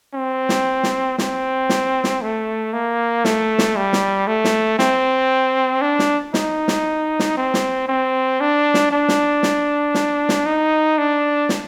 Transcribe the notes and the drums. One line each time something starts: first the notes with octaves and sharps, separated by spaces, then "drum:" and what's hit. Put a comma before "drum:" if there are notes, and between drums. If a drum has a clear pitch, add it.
C4
drum: snare
drum: snare
C4, drum: snare
drum: snare
drum: snare
A3
A#3
A3, drum: snare
drum: snare
G3
drum: snare
A3
drum: snare
C4, drum: snare
D4
drum: snare
D#4, drum: snare
drum: snare
drum: snare
C4
drum: snare
C4
D4
drum: snare
D4
drum: snare
drum: snare
drum: snare
drum: snare
D#4
D4
drum: snare